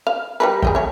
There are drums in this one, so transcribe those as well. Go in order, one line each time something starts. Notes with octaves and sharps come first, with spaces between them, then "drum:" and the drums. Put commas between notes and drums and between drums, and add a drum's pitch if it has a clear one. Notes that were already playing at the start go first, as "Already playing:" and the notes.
F5
G3 A#4 B4
G#4 D#5 G5, drum: kick
A3 C#5